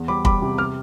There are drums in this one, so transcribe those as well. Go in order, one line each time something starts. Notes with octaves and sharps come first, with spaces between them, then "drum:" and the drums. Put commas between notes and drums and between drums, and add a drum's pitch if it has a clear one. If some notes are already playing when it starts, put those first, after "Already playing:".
Already playing: E2
G3 B5 D6
G3 B5 D6, drum: kick
C3
D6 F6